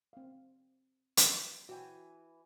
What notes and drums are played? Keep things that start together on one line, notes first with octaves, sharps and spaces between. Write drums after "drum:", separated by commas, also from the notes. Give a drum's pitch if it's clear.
C4 F5
drum: hi-hat
E3 F#4 G5 G#5